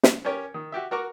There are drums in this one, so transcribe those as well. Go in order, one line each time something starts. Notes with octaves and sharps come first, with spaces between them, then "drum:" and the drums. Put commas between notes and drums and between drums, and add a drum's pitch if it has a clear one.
drum: snare
C#4 G4 A#4 C#5
D#3
F#4 G4 E5
F#4 A#4 A#5 C#6 D6